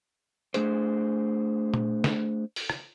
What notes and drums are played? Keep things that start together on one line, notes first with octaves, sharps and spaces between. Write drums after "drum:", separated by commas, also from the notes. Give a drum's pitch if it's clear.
A3 D4 G#4 C5, drum: hi-hat
drum: tom A#2
drum: snare
drum: open hi-hat
drum: rim click